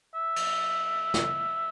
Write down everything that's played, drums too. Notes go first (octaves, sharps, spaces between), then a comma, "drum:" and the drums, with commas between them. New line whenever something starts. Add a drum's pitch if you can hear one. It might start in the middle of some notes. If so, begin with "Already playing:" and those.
E5
drum: cymbal
drum: snare